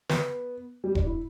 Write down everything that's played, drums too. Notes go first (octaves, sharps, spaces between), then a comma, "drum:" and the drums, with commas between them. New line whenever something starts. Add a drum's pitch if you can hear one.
B3, drum: snare
G3
D4, drum: kick E1
E4